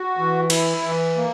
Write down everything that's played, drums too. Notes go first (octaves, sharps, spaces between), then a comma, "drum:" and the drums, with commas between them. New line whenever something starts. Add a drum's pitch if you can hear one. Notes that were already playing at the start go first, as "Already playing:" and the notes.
Already playing: F#4
E3
E4, drum: cymbal
E3
A#3